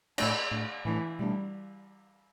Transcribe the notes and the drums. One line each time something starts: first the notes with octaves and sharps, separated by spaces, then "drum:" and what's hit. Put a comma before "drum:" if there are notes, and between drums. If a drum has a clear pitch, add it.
A2 A3 D4, drum: cymbal
A2 A3 D4
A2 E3 A3 D4
B2 G3 A3 D4